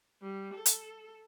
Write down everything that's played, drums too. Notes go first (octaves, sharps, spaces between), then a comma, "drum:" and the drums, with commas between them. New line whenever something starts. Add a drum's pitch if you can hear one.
G3
A4
drum: hi-hat